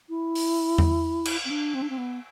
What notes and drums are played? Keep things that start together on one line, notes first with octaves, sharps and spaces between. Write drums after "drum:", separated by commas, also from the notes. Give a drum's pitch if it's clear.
E4
drum: open hi-hat
drum: tom E2
drum: cymbal
C4
D4
C4
D4
C4
B3